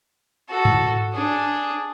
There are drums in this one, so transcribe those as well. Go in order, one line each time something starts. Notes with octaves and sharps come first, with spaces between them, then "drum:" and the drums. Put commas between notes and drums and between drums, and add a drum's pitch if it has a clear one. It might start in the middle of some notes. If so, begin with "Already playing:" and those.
F#4 A4
drum: tom G#2
D4 G#4